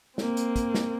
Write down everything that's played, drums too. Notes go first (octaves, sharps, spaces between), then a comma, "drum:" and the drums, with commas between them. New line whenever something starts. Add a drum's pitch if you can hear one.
A#3 C4, drum: snare
drum: hi-hat
drum: kick, hi-hat
drum: snare